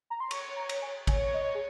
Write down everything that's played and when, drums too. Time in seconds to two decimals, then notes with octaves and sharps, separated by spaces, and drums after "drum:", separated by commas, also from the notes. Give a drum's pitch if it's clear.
0.10 A#5
0.20 C6
0.31 C#5 C#6, drum: cymbal
0.56 A#5
0.69 drum: cymbal
0.82 G#5
1.07 C#5 G#5, drum: kick A1, cymbal
1.34 D#5
1.55 G#4